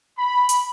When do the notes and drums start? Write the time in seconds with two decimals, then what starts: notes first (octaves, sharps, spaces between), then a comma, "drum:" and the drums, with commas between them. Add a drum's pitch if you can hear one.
0.18 B5
0.49 drum: hi-hat